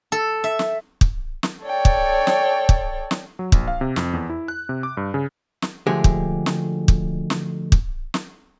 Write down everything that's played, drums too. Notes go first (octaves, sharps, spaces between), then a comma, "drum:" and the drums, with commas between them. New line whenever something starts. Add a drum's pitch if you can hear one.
A4
E5
drum: snare
drum: kick
drum: snare
A4 C#5 D5 G5
drum: kick
drum: snare
drum: kick
drum: snare
F#3
A#1, drum: kick
F5
C3
F2, drum: snare
E2
E4
F#6
C3
D6
G2
C#3
drum: snare
D2 D3 F3 G#3 G4 G#4
drum: kick
drum: snare
drum: kick
drum: snare
drum: kick
drum: snare